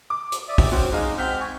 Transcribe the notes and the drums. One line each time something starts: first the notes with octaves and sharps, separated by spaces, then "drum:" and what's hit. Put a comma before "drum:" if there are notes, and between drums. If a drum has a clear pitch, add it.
D6
drum: hi-hat
D5 E5 D#6
drum: kick, open hi-hat
C4 C#4 F#4 C5
G#3 D#4 D#5 F5 G#5
C4 F#5 F6 G6 B6
G#5 C#6